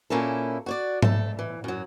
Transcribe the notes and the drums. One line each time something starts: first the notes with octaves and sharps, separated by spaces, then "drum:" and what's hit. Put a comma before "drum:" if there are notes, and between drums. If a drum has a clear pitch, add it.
A#2 A#3 C#4 E4 A4
F#4 C#5 D5
A3 A4, drum: tom G#2
E3
F#2 F#3